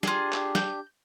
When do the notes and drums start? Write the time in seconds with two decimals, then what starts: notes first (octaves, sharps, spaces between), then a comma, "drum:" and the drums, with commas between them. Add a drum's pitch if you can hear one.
0.03 D4 F4 G4 G#4, drum: snare
0.33 drum: clap
0.55 G6, drum: snare